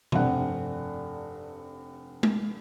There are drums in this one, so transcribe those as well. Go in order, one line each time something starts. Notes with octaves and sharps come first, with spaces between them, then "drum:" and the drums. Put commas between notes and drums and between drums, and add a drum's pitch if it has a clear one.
F1 G2 C4 F#5, drum: tom B2
drum: tom G#3